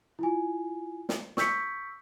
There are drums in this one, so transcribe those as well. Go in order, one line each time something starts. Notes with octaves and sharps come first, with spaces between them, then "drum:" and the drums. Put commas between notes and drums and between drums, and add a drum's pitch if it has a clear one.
E4 F4 G#5
drum: snare
C#6 E6 G6 B6 C#7, drum: snare